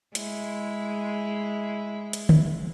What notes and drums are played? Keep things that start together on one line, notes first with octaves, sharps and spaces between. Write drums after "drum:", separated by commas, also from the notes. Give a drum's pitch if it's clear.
G#3 E4, drum: hi-hat
drum: hi-hat
drum: tom D3